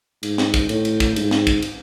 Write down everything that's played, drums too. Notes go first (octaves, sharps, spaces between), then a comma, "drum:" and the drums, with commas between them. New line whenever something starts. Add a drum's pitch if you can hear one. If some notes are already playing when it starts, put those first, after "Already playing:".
G#2, drum: cymbal
drum: snare
drum: kick, cymbal
A2, drum: cymbal
drum: cymbal
drum: kick, cymbal
G#2, drum: cymbal
drum: snare
drum: kick, cymbal
drum: cymbal